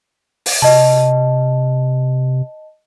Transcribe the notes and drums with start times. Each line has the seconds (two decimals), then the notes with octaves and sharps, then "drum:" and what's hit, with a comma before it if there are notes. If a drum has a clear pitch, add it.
0.46 drum: open hi-hat
0.62 C3 D#5 A5